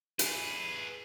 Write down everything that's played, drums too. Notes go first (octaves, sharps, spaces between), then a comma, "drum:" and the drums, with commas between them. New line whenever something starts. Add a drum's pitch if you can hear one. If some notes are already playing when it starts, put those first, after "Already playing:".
G#4 B4, drum: hi-hat